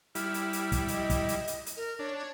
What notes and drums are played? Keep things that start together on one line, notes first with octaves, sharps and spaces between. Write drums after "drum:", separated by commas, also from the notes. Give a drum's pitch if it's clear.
G3 E4 F6, drum: hi-hat
drum: hi-hat
drum: hi-hat
drum: kick, hi-hat
D#5, drum: hi-hat
drum: kick, hi-hat
drum: hi-hat
drum: hi-hat
drum: hi-hat
A#4
D4 C#5